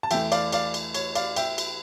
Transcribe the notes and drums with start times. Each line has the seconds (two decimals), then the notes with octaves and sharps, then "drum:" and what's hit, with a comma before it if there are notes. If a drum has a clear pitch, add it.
0.03 A5
0.11 E2 E3 A3 E5 G5, drum: cymbal
0.32 D5 F5, drum: cymbal
0.52 D5 F5, drum: cymbal
0.74 drum: cymbal
0.95 C#5, drum: cymbal
1.15 D5 F5, drum: cymbal
1.36 E5 G5, drum: cymbal
1.58 drum: cymbal